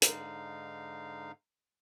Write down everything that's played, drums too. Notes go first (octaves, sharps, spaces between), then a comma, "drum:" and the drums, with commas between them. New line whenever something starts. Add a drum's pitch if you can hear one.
G#2 D3 D#4 F5, drum: hi-hat